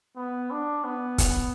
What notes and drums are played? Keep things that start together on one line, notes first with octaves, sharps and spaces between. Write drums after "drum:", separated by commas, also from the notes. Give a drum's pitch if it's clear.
B3
D4
B3
drum: kick, hi-hat